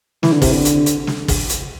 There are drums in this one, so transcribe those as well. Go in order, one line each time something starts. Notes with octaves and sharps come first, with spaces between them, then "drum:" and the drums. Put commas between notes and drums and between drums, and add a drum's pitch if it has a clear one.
E3, drum: snare
D3
C3, drum: kick, open hi-hat
D3
drum: hi-hat
drum: hi-hat
drum: snare
drum: kick, open hi-hat
drum: hi-hat